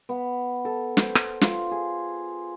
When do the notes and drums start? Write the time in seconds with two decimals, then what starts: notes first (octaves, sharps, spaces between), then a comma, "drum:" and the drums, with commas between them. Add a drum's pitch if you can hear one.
0.09 B3
0.65 A4
0.97 C5, drum: snare
1.15 drum: rim click
1.41 F4, drum: snare
1.71 G#4